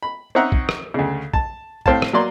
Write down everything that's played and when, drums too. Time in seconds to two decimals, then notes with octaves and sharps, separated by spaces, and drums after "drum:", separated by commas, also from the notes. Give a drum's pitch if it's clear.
0.03 B5
0.35 C4 C#4 D#4 E5 F#5 A#5
0.52 drum: kick
0.69 drum: rim click
0.94 D2 C#3
1.34 A5, drum: kick
1.86 A2 C4 F5 A5, drum: kick
2.02 drum: rim click
2.13 F#3 A#3 D5 C6